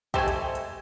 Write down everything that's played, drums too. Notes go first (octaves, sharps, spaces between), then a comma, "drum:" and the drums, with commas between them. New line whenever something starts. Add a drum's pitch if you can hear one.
G#3 A3 G4 C5 G#5, drum: kick, hi-hat
drum: hi-hat
drum: hi-hat